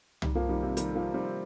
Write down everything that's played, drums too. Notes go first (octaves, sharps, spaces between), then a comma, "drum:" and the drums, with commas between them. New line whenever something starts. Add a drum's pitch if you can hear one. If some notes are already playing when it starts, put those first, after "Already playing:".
D#3 G3, drum: tom
F3 A#3
D#3 G3
C3 F3
D#3 G3, drum: hi-hat
F3 A#3
G3 C4